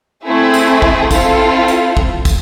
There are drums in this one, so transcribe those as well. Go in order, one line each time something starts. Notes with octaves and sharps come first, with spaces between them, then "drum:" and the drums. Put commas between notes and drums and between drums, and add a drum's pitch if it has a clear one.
A3 C4 E4 G#4 E5
drum: tambourine
drum: kick
C4 E4 F4 A4 F5, drum: kick, tambourine
drum: tambourine
drum: kick
drum: kick, tambourine